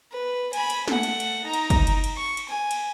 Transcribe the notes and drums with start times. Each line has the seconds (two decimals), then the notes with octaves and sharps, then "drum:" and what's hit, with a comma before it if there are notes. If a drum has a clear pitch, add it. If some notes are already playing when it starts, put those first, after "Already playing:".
0.12 B4
0.53 G#5 B5, drum: cymbal
0.70 drum: cymbal
0.88 A3 F#5, drum: snare
1.03 drum: cymbal
1.20 drum: cymbal
1.44 D#4 A#5
1.53 drum: cymbal
1.70 drum: kick, cymbal
1.87 drum: cymbal
2.04 drum: cymbal
2.17 C#6
2.37 drum: cymbal
2.49 G#5
2.71 drum: cymbal